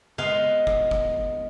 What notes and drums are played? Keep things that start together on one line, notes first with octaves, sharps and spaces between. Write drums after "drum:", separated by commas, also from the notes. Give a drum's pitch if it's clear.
G#3 B3 F5 C6
drum: kick
drum: kick